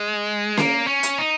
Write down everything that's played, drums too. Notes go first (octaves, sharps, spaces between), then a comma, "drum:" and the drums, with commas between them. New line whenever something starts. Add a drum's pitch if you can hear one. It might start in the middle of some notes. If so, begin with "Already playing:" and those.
Already playing: G#3
A#3, drum: snare C#4
C#4
drum: hi-hat
D#4